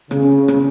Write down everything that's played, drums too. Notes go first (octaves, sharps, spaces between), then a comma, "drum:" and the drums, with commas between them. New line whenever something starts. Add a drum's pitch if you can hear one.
C#3, drum: rim click
drum: rim click